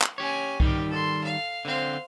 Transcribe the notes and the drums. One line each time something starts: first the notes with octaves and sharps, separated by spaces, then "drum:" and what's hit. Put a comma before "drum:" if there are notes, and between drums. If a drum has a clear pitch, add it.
drum: clap
C#4 G4 C#5 G#5
D#3 G3 D#4 G4, drum: kick C2
A4 C6
F5
D3 C4 C5 F5